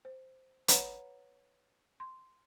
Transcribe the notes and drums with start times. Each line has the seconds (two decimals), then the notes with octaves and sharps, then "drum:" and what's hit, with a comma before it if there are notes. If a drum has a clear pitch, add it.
0.05 C5
0.68 B4 C#5 F#5 A#5 B5, drum: hi-hat
2.00 C6